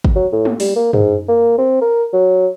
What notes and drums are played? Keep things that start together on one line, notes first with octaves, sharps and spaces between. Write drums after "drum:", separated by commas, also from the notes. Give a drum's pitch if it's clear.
drum: kick
F#3
A2
drum: tom
G3, drum: open hi-hat
A#3
G#2, drum: tom
A#3
C4
A#4
F#3